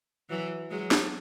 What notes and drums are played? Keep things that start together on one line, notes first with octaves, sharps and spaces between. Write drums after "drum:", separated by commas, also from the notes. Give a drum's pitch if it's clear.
E3 F#3
F#3 G#3
drum: snare